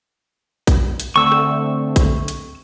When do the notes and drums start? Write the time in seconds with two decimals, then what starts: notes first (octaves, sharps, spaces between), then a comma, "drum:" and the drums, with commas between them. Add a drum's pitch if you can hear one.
0.67 drum: kick A#1, hi-hat
1.00 drum: hi-hat
1.16 D3 A3 C4 C#6 E6
1.32 drum: rim click
1.96 drum: kick A#1, hi-hat
2.28 drum: hi-hat